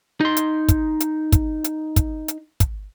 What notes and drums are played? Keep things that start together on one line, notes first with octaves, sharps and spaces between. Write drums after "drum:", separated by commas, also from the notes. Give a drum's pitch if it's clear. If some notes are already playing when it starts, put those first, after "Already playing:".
D#4 C6
drum: hi-hat
drum: kick, hi-hat
drum: hi-hat
drum: kick, hi-hat
drum: hi-hat
drum: kick, hi-hat
drum: hi-hat
drum: kick, hi-hat